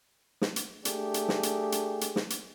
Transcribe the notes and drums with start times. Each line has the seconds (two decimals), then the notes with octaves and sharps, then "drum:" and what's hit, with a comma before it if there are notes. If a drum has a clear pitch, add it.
0.41 drum: snare
0.56 drum: hi-hat
0.85 A3 D4 G4 G#4, drum: hi-hat
1.14 drum: hi-hat
1.29 drum: snare
1.43 drum: hi-hat
1.72 drum: hi-hat
2.01 drum: hi-hat
2.16 drum: snare
2.30 drum: hi-hat